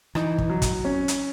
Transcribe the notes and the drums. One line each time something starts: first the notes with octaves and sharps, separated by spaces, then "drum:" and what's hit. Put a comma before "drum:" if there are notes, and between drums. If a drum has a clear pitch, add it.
E3 D#4, drum: rim click
drum: kick
F#3
drum: kick, hi-hat
C#4
drum: hi-hat